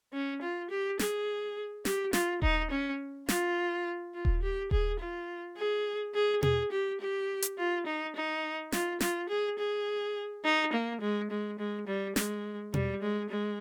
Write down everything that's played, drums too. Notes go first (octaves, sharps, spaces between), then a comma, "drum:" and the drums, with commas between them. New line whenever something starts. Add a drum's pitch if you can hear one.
C#4
F4
G4
G#4, drum: snare
G4, drum: snare
F4, drum: snare
D#4, drum: kick D#1
C#4
F4, drum: snare
F4
drum: kick D#1
G4
G#4, drum: kick D#1
F4
G#4
G#4
G#4, drum: tom B2
G4
G4
drum: hi-hat
F4
D#4
D#4
F4, drum: snare
F4, drum: snare
G#4
G#4
D#4
A#3
G#3
G#3
G#3
G3
G#3, drum: snare
G3, drum: tom B2
G#3
G#3